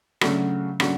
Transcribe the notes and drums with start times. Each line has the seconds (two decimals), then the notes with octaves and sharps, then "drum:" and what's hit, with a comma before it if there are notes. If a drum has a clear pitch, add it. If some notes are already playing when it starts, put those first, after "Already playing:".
0.21 C#3 F#3 A3 D4 F#4, drum: rim click
0.80 C#3 F#3 A3 D4 F#4, drum: rim click